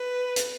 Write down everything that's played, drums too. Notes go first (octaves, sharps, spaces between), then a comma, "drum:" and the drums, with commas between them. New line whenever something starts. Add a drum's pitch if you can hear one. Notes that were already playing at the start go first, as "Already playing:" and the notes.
Already playing: B4
drum: hi-hat